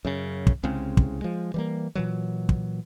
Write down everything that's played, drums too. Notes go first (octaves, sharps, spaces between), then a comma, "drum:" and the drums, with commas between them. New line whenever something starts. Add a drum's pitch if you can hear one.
F#2 C#3
drum: kick
C2 C#3 G#3 C4
drum: kick
F3 G#3
E3 G3 A#3
A#2 E3 F#3
drum: kick